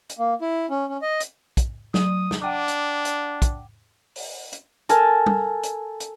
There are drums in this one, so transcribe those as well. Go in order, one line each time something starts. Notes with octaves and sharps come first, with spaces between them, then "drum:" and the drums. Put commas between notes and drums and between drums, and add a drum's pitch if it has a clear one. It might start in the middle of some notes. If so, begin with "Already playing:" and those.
drum: hi-hat
A#3
E4
C#4
C#4
D#5
drum: hi-hat
drum: kick, hi-hat
F#3 D#6, drum: snare
drum: snare
D4 F#5 G5 D6
drum: hi-hat
drum: hi-hat
drum: kick, hi-hat
drum: open hi-hat
drum: hi-hat
A4 A#4 G#5 A5, drum: hi-hat
drum: tom G3
drum: hi-hat
drum: hi-hat